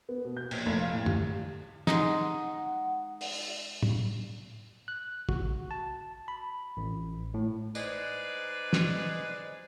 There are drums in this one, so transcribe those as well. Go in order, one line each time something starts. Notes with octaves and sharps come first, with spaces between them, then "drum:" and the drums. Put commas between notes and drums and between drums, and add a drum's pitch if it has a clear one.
B3
B2
G6
A#1, drum: cymbal
F1
F5
A1
G3, drum: tom
G#3 D#4 G#4 F#5 D#6, drum: snare
drum: open hi-hat
drum: tom
F#6
F#4, drum: kick
A5
B5
A1
A2
G#3 D#4 B4 C5 D5, drum: tambourine
drum: snare